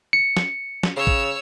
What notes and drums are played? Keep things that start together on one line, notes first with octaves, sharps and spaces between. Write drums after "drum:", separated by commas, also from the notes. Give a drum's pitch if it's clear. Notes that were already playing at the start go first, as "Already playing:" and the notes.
C#7
drum: snare
drum: snare
C#3 C#5 E6
drum: kick